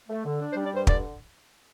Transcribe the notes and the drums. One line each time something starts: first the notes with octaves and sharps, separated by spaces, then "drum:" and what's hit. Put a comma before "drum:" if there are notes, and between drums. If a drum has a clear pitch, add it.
A3
D3
D4
C5
G3
D5
G2 C5
D3 D5, drum: kick